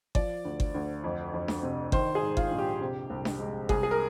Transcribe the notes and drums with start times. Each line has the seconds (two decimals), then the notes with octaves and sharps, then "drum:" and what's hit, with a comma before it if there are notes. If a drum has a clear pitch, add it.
0.15 F3 D5, drum: kick G1
0.45 D2
0.60 drum: kick G1
0.75 D2
1.04 F2
1.34 F2
1.48 drum: snare D4
1.63 C3
1.92 D#3 C5, drum: kick G1
2.15 G#4
2.22 G#2
2.37 F4, drum: kick G1
2.51 A#1
2.58 G4
2.81 C3
3.10 C2
3.25 drum: snare D4
3.40 G#3
3.69 C2 G#4, drum: kick G1
3.83 G#4
3.91 A#4